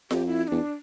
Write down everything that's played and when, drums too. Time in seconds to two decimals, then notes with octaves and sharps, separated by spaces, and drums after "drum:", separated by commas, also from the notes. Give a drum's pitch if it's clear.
0.11 F2 G4, drum: snare F4
0.27 E4
0.43 E4
0.48 E2 D4